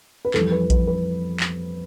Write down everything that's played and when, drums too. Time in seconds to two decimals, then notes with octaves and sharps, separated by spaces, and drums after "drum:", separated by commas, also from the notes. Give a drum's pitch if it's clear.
0.25 B4
0.34 F2 E3 G3 A4, drum: clap
0.51 B4
0.70 B4, drum: kick A#1, hi-hat
0.87 B4
1.40 drum: clap